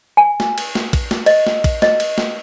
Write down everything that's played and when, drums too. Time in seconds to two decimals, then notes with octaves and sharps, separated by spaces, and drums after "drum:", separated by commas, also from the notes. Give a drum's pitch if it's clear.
0.17 G#5
0.40 drum: snare
0.58 drum: cymbal
0.75 drum: snare
0.93 drum: kick, cymbal
1.11 drum: snare
1.26 D#5, drum: cymbal
1.47 drum: snare
1.64 drum: kick, cymbal
1.82 D#5, drum: snare
2.00 drum: cymbal
2.18 drum: snare